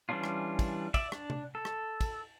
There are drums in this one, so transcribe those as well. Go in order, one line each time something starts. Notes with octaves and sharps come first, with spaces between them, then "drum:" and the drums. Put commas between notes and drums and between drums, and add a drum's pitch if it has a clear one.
E3 G3 C#4 D4 F4
drum: rim click
drum: kick, cymbal
D5 E5, drum: kick, cymbal
D4, drum: rim click
drum: tom
A4
drum: rim click
drum: kick, cymbal